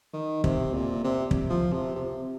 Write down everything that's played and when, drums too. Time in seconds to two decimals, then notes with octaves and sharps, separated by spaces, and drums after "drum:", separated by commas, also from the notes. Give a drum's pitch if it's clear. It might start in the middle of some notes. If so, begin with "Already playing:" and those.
0.14 D#3
0.44 C3, drum: kick
0.74 A#2
1.04 C3
1.31 drum: kick
1.50 F3
1.73 C3
1.96 C3